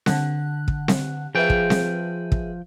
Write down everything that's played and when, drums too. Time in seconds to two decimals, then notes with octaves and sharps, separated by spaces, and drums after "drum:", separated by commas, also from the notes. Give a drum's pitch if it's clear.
0.06 D3 F#5 F#6, drum: snare C4
0.68 drum: kick
0.88 drum: snare C4
1.35 F3 G#4 B4 E5 G5
1.50 drum: kick
1.70 drum: snare C4
2.32 drum: kick